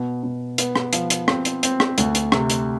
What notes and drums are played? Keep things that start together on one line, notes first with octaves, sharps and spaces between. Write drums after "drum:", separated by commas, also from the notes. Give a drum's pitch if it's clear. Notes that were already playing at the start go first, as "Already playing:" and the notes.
Already playing: B2
B2
B3, drum: hi-hat
drum: rim click
F3, drum: hi-hat
drum: hi-hat
C4, drum: rim click
drum: hi-hat
C4, drum: hi-hat
drum: rim click
D2, drum: hi-hat
drum: hi-hat
C3, drum: rim click
drum: hi-hat